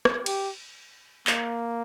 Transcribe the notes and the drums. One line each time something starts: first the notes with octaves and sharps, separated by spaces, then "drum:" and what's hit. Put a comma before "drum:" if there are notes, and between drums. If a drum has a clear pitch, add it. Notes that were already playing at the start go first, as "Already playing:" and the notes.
drum: rim click
G4, drum: cymbal
A#3, drum: clap